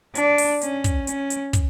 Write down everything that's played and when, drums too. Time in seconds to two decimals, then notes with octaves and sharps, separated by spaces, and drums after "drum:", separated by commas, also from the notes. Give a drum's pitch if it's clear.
0.15 D4, drum: hi-hat
0.38 drum: open hi-hat
0.61 C#4, drum: hi-hat
0.84 drum: kick, hi-hat
1.07 C#4, drum: hi-hat
1.30 drum: hi-hat
1.53 drum: kick, hi-hat